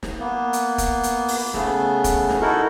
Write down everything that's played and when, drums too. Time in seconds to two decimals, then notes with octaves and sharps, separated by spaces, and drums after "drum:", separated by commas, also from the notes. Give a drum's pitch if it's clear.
0.03 drum: snare
0.20 A#3 B3
0.53 drum: hi-hat
0.78 drum: kick, hi-hat
1.03 drum: hi-hat
1.29 drum: open hi-hat
1.54 C#3 A3 B3, drum: snare
2.04 drum: kick, hi-hat
2.29 drum: snare
2.42 D#4 E4 F#4 A4 A#4